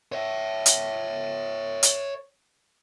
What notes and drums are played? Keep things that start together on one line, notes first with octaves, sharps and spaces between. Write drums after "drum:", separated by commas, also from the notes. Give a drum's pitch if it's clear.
C#5 E5
drum: hi-hat
drum: hi-hat